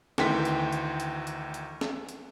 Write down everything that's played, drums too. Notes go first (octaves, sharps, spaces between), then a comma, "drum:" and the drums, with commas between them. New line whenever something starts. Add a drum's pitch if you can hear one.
D2 D#3 E3 G5 C6 B6, drum: snare
drum: hi-hat
drum: hi-hat
drum: hi-hat
drum: hi-hat
drum: hi-hat
drum: snare
drum: hi-hat